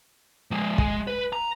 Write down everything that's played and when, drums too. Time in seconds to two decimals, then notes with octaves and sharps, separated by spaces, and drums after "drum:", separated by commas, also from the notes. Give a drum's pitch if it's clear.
0.51 F3 G#3
0.78 G#3 D#5, drum: kick
1.07 B4
1.33 A#5